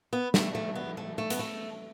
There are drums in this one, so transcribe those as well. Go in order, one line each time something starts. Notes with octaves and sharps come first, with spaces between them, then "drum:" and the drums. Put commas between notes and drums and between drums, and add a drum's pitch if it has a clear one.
B3
A3, drum: snare
A3
B3
A3
A3
B3, drum: hi-hat
A3